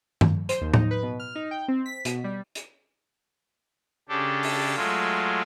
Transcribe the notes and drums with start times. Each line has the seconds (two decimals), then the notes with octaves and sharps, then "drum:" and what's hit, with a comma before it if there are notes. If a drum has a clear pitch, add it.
0.21 drum: tom G2
0.49 C5, drum: hi-hat
0.61 D#2
0.74 D#4, drum: tom A2
0.91 B4
1.03 B2
1.20 F6
1.35 D#4
1.51 G5
1.68 C4
1.86 B6
2.05 B2, drum: hi-hat
2.24 G3
2.55 drum: hi-hat
4.09 C#3 D4 G4 A4
4.43 drum: open hi-hat
4.76 F#3 G#3 A3 F4